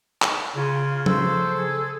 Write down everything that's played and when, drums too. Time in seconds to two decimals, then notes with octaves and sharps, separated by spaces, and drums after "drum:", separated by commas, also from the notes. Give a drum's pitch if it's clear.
0.22 drum: clap
0.56 C#3 F4
1.06 A4 C5, drum: tom F3
1.57 G#4